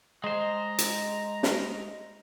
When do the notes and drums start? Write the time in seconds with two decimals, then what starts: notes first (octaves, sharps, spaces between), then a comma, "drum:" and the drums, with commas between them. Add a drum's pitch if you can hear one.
0.24 G#3 C5 D#5 A#5
0.78 drum: hi-hat
1.43 drum: snare